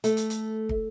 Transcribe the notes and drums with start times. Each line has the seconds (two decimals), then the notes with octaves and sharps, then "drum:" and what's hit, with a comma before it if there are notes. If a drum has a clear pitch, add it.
0.04 A3, drum: hi-hat
0.17 drum: hi-hat
0.30 drum: hi-hat
0.69 drum: kick